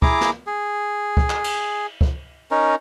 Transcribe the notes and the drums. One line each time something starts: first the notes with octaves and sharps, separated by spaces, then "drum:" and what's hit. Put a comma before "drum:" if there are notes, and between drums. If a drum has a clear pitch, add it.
E4 G#4 A#5 D6, drum: kick C#2
drum: snare
G#4
drum: kick C#2
drum: clap
drum: cymbal
drum: kick C#2
C#4 D#4 A#4